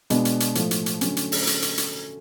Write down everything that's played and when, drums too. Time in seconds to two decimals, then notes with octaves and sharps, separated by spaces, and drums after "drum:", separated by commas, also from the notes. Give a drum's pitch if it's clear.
0.10 B2 G#3 B3 D4, drum: hi-hat
0.25 drum: hi-hat
0.40 drum: hi-hat
0.55 A2 F3 A3, drum: hi-hat
0.71 drum: hi-hat
0.86 drum: hi-hat
1.01 D3 F#3 A3 C#4, drum: hi-hat
1.17 drum: hi-hat
1.32 drum: open hi-hat
1.47 drum: hi-hat
1.62 drum: hi-hat
1.78 drum: hi-hat